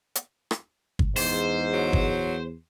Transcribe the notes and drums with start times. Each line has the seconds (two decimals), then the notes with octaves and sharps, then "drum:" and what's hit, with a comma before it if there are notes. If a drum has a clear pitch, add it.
0.15 drum: hi-hat
0.51 drum: rim click
0.99 drum: kick G1
1.16 E2 G#2 C5, drum: open hi-hat
1.74 F#3
1.93 drum: kick G1